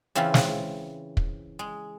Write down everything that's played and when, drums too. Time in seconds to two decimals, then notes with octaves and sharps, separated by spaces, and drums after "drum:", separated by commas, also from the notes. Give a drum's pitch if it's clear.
0.15 C#3 E3 C4 C#4 F4
0.34 drum: snare
1.17 drum: kick
1.59 G#3